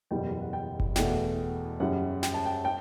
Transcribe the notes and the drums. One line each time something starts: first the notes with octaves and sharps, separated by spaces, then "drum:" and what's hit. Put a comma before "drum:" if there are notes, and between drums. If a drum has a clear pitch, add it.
F#1 E2 B2 G3 G5
F#5
G5
drum: kick F#1
E2 B2 A3 G5, drum: snare
F#2 C#3 G3 F#5
G5, drum: snare
A5
G5
G5